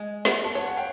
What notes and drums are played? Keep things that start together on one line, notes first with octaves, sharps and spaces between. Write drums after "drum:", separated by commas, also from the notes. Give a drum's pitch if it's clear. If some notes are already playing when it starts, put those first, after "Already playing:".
Already playing: G#3
B3, drum: snare
A5
C#5 F#5 G#5
F#5
F5 G5